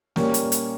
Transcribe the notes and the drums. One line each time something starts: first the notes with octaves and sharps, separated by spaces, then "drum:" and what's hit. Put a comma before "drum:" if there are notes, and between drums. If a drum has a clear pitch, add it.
A#2 G3 A#3 C#4, drum: snare
drum: hi-hat
drum: hi-hat